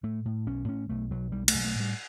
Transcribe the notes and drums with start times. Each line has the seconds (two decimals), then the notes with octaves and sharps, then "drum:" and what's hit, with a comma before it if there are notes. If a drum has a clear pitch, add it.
0.03 A2 A3
0.25 A2
0.46 B1 C#4
0.68 A2 C#4
0.89 B1 A3
1.10 B1 F#3
1.32 B1 G3
1.48 A3, drum: cymbal
1.54 B1
1.65 A3
1.75 A2 G3